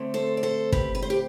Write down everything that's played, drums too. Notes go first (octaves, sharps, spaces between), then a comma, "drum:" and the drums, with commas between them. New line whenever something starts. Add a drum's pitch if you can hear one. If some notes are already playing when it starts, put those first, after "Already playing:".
Already playing: D3 A3 C4
A4 C5
D5
A4 C5
G4 B4, drum: kick
B4
C5
G4 B4